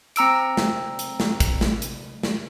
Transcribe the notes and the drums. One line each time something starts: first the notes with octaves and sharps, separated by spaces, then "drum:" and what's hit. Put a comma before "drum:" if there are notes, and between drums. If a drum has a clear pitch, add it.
C4 A#5 E6 D7, drum: hi-hat
drum: snare
drum: hi-hat
drum: snare
drum: kick, hi-hat
drum: snare
drum: hi-hat
drum: snare